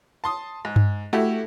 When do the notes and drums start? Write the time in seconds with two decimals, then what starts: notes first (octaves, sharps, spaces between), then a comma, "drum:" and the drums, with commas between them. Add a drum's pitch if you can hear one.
0.24 A5 C6 D#6
0.65 G#2
0.76 drum: tom G2
1.13 A3 E4 F#4 G4